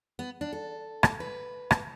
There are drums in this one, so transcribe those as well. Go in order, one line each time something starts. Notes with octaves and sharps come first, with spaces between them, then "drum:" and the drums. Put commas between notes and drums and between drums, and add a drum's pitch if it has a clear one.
B3
D4
A4
drum: rim click
B4
drum: rim click